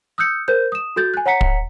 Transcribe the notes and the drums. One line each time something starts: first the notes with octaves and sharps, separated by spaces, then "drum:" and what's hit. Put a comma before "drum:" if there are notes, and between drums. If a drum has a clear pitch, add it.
D#6 E6 F#6 G6 C#7
A#4 C5 G6
D#6 E7
F#4 A4 G6 A6
G#5 F#6
C#5 F#5 A#5 B6 C#7
drum: kick